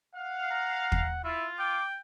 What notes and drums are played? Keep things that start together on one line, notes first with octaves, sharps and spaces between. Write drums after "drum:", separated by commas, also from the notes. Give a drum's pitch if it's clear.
F5 F#5
A#5
drum: kick
E4 F4 E5
G5 D6